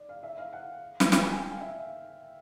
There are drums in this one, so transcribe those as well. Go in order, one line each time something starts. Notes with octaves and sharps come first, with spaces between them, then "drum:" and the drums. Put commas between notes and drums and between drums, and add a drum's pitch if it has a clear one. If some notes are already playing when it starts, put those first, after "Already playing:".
Already playing: D5
F5
E5
F5
F#5
drum: snare
G5, drum: snare
G#5
G#5
G5
F5
E5